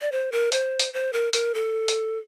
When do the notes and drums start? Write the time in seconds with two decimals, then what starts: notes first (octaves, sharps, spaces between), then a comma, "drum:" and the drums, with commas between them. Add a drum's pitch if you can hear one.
0.01 D5
0.12 C5
0.32 A#4
0.52 C5, drum: hi-hat
0.79 drum: hi-hat
0.93 C5
1.13 A#4
1.33 A#4, drum: hi-hat
1.55 A4
1.88 drum: hi-hat